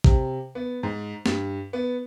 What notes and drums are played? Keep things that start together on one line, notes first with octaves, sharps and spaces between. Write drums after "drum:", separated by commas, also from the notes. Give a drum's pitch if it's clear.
C3, drum: kick
B3
G#2
G2, drum: snare
B3